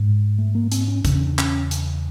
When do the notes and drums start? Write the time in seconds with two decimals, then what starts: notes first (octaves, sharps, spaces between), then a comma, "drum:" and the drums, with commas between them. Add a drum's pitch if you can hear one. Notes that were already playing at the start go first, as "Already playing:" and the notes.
Already playing: G#2
0.38 A3
0.55 A#3
0.72 C4, drum: hi-hat
0.88 C#4
1.05 E2 C#3 D4, drum: kick, hi-hat
1.15 C#4
1.26 D4
1.39 C#4, drum: clap
1.71 drum: hi-hat